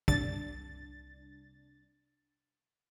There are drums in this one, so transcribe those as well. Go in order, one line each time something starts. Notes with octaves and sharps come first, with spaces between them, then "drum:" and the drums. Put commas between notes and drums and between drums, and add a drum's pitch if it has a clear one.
C2 D4 A6, drum: kick